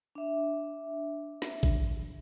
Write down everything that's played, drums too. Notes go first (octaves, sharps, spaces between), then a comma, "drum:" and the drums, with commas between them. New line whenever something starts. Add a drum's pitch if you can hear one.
D4 E5
drum: snare
drum: kick A1